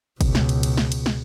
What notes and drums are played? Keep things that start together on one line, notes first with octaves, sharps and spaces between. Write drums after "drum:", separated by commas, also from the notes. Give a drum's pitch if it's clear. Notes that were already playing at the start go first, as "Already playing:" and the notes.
C#2 B2, drum: kick, cymbal
drum: snare
drum: cymbal
drum: cymbal
drum: snare
drum: cymbal
drum: snare